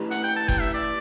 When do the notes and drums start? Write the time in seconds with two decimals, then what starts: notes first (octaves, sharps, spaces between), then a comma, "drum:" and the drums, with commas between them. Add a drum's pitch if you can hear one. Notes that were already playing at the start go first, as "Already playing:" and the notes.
Already playing: A3 E4 G4 B4
0.11 F#5, drum: hi-hat
0.24 G5
0.36 A5
0.48 G5, drum: kick F#1, hi-hat
0.60 E5
0.74 D5